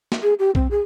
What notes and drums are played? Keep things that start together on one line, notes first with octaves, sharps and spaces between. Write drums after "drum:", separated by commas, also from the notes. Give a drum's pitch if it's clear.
drum: snare
G#4
G4
C4, drum: kick
G#4